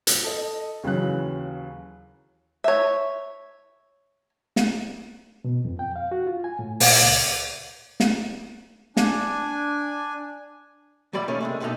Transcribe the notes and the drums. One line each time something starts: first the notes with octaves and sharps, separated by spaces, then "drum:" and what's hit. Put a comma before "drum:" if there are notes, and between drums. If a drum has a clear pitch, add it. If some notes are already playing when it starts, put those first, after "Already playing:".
drum: hi-hat
A4 D#5
D#2 C#3 E3 F#3 F#6
C#5 E5
drum: snare
B2
F2
G5
F5
F#4
F4
G#5
A2
A#2, drum: open hi-hat
C#2
drum: snare
D4 G#5, drum: snare
F#3 G3 E4 D5 B5
D#3 A3 A#3 C#4 D#4
C3 G#3 A3
B1 A2 D3 B3 D#4 A4